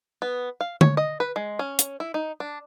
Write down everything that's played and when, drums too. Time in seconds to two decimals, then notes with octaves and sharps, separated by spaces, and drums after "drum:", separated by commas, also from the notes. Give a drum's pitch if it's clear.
0.22 B3
0.61 F5
0.81 C#5, drum: tom D3
0.97 D#5
1.20 B4
1.36 G#3
1.59 C#4
1.79 drum: hi-hat
2.00 E4
2.14 D#4
2.40 D4